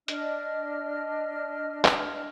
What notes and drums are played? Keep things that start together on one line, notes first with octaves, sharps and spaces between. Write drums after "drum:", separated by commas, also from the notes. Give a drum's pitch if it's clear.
D4 D#5 F6, drum: hi-hat
drum: clap